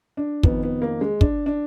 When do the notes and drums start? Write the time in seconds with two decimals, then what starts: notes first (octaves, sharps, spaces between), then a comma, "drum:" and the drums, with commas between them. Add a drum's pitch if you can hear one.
0.17 D4
0.43 F2 D#3 B3, drum: kick
0.63 B3
0.82 A#3
1.01 G#3
1.21 D4, drum: kick
1.46 D4